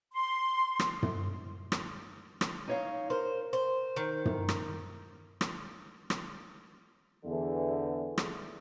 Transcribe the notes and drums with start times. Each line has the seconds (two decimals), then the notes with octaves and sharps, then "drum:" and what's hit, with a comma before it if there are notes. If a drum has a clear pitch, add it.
0.12 C6
0.79 drum: rim click
1.03 drum: tom
1.72 drum: rim click
2.41 drum: rim click
2.68 D#4 C#5 F5
3.10 A#4 C5
3.53 C5
3.96 D#3
4.25 drum: tom
4.49 drum: rim click
5.41 drum: rim click
6.10 drum: rim click
7.25 E2 D3 E3
8.18 drum: rim click